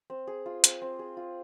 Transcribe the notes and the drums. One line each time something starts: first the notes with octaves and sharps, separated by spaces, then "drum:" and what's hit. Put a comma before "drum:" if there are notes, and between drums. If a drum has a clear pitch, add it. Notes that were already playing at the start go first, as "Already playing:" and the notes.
C4
G#4
F4
C4, drum: hi-hat
C4
G#4
F4